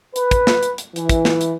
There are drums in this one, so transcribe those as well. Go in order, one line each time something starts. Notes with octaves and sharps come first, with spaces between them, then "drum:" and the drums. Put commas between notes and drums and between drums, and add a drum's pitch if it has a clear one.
B4, drum: hi-hat
drum: kick, hi-hat
drum: snare
drum: hi-hat
drum: hi-hat
E3, drum: hi-hat
drum: kick, hi-hat
drum: snare
drum: hi-hat